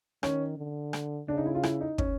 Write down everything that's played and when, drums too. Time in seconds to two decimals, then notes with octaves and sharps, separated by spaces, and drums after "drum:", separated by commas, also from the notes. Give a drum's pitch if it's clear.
0.23 D#3 C#4, drum: rim click
0.58 D3
0.93 drum: rim click
1.28 C#3 D4
1.37 D#4
1.46 E4
1.55 F4
1.63 E4, drum: rim click
1.81 D#4
1.98 C#4, drum: kick